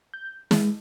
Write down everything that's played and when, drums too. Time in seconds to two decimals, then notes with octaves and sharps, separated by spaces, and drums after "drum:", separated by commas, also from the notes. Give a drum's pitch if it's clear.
0.14 G6
0.51 G#3, drum: snare